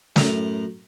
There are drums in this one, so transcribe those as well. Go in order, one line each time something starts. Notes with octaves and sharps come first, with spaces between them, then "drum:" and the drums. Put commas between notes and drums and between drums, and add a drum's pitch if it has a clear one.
F#2 A2 A#5, drum: snare